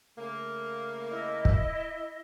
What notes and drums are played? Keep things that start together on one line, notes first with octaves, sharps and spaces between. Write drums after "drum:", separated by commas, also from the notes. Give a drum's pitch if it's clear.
C#3 A3 A#3
E4 D#5
drum: kick